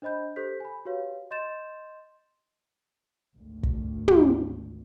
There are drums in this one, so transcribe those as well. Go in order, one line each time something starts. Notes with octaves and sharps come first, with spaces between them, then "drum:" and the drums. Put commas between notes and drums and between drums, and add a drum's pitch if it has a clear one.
D4 C5 D#5 B5 G6
G4 A4 C5 G6 B6
G#5 B5
F#4 G4 B4 C#5 F5
D#5 C6 G6 A6 E7
G#1 D2
drum: kick
drum: tom